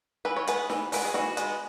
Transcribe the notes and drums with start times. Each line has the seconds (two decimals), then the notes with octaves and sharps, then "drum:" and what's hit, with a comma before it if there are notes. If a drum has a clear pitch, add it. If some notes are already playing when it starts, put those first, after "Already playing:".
0.25 E3 B4
0.36 C#5
0.47 G#3 B3 B4, drum: hi-hat
0.70 E3, drum: snare
0.92 G#3 B3 B4, drum: open hi-hat
1.05 G#4
1.14 E3 F#4, drum: snare
1.37 G#3 B3, drum: hi-hat